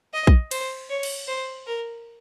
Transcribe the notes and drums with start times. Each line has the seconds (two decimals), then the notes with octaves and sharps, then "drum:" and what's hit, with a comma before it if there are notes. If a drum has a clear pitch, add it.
0.14 D#5
0.27 drum: kick A#1
0.51 C5, drum: cymbal
0.89 C#5
1.03 drum: cymbal
1.28 C5
1.67 A#4